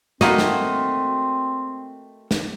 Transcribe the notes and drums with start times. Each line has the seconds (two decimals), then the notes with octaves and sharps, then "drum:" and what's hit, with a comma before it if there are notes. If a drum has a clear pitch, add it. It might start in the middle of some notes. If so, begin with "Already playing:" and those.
0.21 A3 A#3 C4 F#4 D#5, drum: snare
0.38 drum: snare
2.31 drum: snare